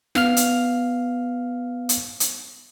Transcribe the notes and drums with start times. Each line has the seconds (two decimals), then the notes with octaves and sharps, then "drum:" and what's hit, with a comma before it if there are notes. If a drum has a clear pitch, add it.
0.15 B3 F5 F6, drum: snare
0.37 drum: hi-hat
1.89 drum: hi-hat
2.20 drum: hi-hat